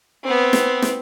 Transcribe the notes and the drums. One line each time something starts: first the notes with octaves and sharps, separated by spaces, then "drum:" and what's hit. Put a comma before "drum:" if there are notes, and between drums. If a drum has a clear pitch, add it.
B3 C4
drum: snare
drum: snare